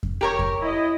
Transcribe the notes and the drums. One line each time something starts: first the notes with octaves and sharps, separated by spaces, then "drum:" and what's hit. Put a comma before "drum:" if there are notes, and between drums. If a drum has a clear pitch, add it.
drum: kick F2
G4 A#4 C#5
drum: kick F2
E4 D#5